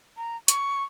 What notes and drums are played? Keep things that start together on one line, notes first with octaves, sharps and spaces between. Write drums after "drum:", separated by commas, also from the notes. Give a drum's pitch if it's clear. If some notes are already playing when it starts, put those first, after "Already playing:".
A#5
C#6, drum: hi-hat